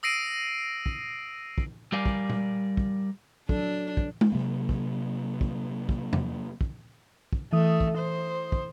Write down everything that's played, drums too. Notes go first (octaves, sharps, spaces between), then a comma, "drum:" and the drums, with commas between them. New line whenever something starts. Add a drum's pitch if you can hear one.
D#6 E6 A#6 C7 D7 D#7
drum: kick
drum: kick
G3 G4 A#4 D5 F5 G#5
drum: kick
drum: tom A#2
drum: kick
F#3 D4 A4, drum: kick
drum: kick
drum: tom G#3
C3 F#3 A#3
drum: kick
drum: kick
drum: kick
drum: tom E2
drum: kick
drum: kick
E3 A3 D#6
drum: kick
C5
drum: kick